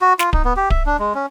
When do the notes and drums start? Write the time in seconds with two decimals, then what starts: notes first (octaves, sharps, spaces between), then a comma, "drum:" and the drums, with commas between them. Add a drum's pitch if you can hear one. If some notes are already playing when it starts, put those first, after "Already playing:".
0.02 F#4
0.19 F4, drum: snare
0.33 D#4, drum: kick D1
0.45 B3
0.57 G4
0.70 E5, drum: kick D1
0.86 D4
0.99 G#3
1.15 C#4